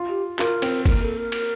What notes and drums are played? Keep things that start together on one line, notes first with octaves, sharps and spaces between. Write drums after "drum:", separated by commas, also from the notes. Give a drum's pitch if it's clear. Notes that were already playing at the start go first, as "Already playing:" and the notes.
Already playing: F4
G4
F4 A#4, drum: clap
C4, drum: cymbal
A#3 A#4, drum: kick, cymbal
A4
A#4
drum: cymbal